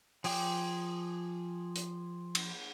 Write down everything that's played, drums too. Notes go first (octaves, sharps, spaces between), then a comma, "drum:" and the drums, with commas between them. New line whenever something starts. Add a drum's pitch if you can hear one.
F3 G#4 G5 D6, drum: open hi-hat
drum: hi-hat
drum: cymbal